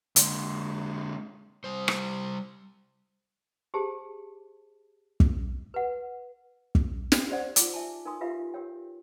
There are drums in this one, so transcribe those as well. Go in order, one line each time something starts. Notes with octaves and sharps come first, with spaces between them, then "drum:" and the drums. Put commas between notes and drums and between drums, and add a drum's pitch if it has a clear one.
D3 G#3, drum: hi-hat
G3 C5
drum: rim click
G4 G#4 C5 A5
drum: kick
B4 F#5
drum: kick
drum: snare
G4 C5 D5 F#5
D#4 F4 G#4 D6, drum: hi-hat
E5 G#5 A5
D#4 A#4 B4 G#5 C6 D#6
F4 G4 B4 E5 F5
G4 A#4 C#5 G5